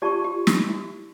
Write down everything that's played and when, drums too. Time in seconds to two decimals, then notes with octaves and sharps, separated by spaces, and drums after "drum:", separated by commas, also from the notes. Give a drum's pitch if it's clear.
0.02 F4 G4 D5 A5 C#6
0.24 F4
0.47 E4, drum: snare
0.69 E4